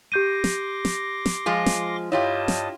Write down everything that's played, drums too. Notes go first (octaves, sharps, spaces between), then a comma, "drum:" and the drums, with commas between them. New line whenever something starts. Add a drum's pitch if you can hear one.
G4 C6 D6 G6 A#6 D#7
drum: snare
drum: snare
drum: snare
F3 G#3 F4
drum: snare
G2 E4 F4 G4 C#5 D#5 A5
drum: snare